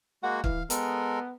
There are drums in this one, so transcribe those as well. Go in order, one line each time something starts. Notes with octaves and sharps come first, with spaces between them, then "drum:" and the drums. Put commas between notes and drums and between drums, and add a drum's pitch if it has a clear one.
G#3 A#3 F#4 F#5
E3 F5, drum: kick
G#3 B3 A4 A#4, drum: hi-hat